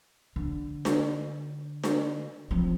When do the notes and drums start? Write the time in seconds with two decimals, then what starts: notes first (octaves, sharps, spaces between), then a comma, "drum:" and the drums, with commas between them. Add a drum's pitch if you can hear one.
0.36 D3
0.85 drum: snare D4
1.84 drum: snare D4
2.51 F3 C4